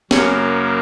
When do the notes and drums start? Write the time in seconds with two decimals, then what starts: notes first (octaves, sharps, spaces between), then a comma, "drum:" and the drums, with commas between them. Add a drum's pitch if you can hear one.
0.11 F#2 C#3 A#3 C#5, drum: snare